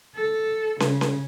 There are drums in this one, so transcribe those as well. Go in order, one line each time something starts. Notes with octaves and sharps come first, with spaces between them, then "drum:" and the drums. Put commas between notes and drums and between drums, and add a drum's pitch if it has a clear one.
A4
C#3, drum: snare
drum: snare